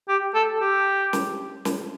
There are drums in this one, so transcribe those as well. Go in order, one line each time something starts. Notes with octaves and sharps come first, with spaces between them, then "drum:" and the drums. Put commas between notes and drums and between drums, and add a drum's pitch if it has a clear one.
G4
A4
G4
drum: snare
drum: snare